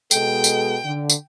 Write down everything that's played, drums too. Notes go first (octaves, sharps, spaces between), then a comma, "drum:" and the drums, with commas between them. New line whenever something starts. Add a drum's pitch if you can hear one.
B2 G#3 A4 G5, drum: tambourine
drum: tambourine
D3
drum: tambourine